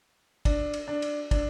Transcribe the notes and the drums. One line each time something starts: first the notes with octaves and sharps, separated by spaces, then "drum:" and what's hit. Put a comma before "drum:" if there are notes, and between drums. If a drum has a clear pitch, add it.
D4, drum: kick, cymbal
drum: cymbal
D4
drum: cymbal
D4, drum: kick, cymbal